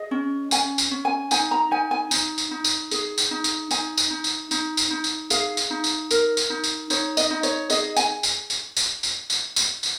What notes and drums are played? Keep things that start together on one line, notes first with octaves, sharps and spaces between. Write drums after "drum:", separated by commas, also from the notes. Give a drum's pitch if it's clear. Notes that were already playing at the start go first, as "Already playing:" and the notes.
Already playing: G#4 D#5
C#4
C#4 G#5, drum: tambourine
drum: tambourine
C#4
G#5
D#4 G#5, drum: tambourine
A#5
D#4 G#5
G#5
D#4, drum: tambourine
drum: tambourine
D#4
drum: tambourine
G#4, drum: tambourine
drum: tambourine
D#4
drum: tambourine
D#4 G#5, drum: tambourine
drum: tambourine
D#4
drum: tambourine
D#4, drum: tambourine
drum: tambourine
D#4
drum: tambourine
G#4 F5, drum: tambourine
drum: tambourine
D#4
drum: tambourine
A#4, drum: tambourine
drum: tambourine
D#4
drum: tambourine
D#4 C#5, drum: tambourine
D#5, drum: tambourine
D#4
C#5, drum: tambourine
G#4 D#5, drum: tambourine
G#5, drum: tambourine
drum: tambourine
drum: tambourine
drum: tambourine
drum: tambourine
drum: tambourine
drum: tambourine
drum: tambourine